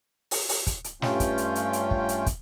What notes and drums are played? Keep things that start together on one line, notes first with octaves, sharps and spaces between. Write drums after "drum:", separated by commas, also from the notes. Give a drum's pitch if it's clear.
drum: open hi-hat
drum: open hi-hat
drum: kick, hi-hat
drum: hi-hat
G2 A3 C#4 F4 G5, drum: snare
drum: kick, hi-hat
drum: hi-hat
drum: hi-hat
drum: hi-hat
drum: kick
drum: hi-hat
drum: kick, hi-hat